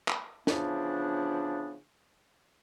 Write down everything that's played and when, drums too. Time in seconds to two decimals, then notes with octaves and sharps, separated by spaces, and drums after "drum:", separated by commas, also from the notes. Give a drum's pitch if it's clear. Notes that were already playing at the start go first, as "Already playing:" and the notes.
0.08 drum: clap
0.47 C#3 E3 F3 B3 D4, drum: snare